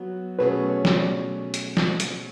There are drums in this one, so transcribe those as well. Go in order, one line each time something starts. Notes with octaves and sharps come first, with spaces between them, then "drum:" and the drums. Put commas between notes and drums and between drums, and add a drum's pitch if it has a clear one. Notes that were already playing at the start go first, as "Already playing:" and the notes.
Already playing: F#3 B3 F#4
B2 F#3 A3 C#4 G#4 B4
C#5
drum: snare
D5
drum: hi-hat
drum: snare
drum: hi-hat